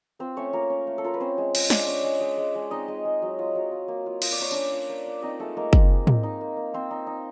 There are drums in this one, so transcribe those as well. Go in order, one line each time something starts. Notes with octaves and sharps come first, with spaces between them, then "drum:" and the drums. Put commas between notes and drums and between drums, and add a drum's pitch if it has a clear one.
C4 F4 C5
A3 C#4 C#5
A#3 F4 A#4
C#4
A3
A4
F4 A#4
B4
C4 C#4 C5
G#3
G#3, drum: cymbal
G#3 D4 D5, drum: snare
C#4
G#3
G#3
G#3
G#3
C4 D#4 D#5
G#3
G#3
F#3
F4
F#3
F4
A#3
F4
F4 D#5, drum: cymbal
D5
A#3 C#5
C#4 D4 D5, drum: tambourine
F4
A#3
F4
C4 D#4 D#5
G#3 A3 A4
G#3 A#3 A#4
C4, drum: kick
G#3
C4, drum: tom
D#4
A#3
A#3
A#3 C4 C5
D#4
D#4